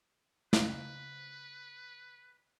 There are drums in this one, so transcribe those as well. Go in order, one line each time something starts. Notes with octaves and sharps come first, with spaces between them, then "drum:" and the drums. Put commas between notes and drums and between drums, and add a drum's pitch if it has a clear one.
C#3 B4 C5 D#5 F5 A#5, drum: snare